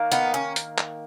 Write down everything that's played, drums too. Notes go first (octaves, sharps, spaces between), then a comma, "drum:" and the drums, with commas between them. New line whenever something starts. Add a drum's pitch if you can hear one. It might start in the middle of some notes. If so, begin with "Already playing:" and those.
Already playing: D#3 A#3
B3 D#4, drum: hi-hat
C#4
drum: hi-hat
drum: clap